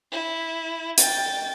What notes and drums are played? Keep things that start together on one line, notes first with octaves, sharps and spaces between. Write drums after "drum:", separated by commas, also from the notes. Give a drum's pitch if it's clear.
E4
G5 A6, drum: hi-hat